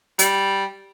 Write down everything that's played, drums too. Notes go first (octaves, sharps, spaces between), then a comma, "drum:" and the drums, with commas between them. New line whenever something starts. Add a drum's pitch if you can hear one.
G3, drum: hi-hat